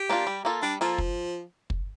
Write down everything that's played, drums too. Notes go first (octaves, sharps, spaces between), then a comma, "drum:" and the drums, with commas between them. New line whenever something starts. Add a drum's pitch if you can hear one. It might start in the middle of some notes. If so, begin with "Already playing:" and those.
Already playing: G4
A#3 D4 F4
G3
A#3 F4 A4
G3 D4
F3 A#3 F4 A4
drum: kick
drum: kick